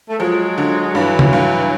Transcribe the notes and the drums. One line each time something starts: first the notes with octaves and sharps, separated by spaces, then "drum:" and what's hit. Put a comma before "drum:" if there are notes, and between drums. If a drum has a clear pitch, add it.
A3
F3 F#3 G#3
D3
G2 E3 F#3
drum: tom C#3
G2